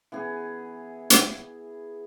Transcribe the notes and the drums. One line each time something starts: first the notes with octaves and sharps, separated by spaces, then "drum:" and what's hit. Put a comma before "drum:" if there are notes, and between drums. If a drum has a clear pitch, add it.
E3 B3 G#4
drum: hi-hat